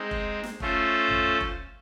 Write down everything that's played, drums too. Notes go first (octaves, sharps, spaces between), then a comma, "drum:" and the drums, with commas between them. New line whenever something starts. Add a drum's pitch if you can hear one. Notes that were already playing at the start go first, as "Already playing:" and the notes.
Already playing: G#3 C4 D#4
drum: kick F1
drum: snare
A3 C#4 F4 A4 C5, drum: kick F1
drum: tom A1
drum: kick F1